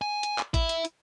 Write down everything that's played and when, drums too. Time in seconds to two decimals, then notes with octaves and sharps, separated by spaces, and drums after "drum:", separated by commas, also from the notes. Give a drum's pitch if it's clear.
0.02 G#5
0.23 drum: hi-hat
0.39 drum: clap
0.54 E4, drum: kick, hi-hat
0.69 drum: hi-hat
0.85 drum: hi-hat